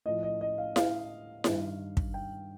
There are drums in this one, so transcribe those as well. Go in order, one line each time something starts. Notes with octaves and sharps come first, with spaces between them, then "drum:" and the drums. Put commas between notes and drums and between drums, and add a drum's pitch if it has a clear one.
A2 F3 D#5
D#5
D#5
F5
F5, drum: snare E4
G2 D#3, drum: snare E4
drum: kick
G5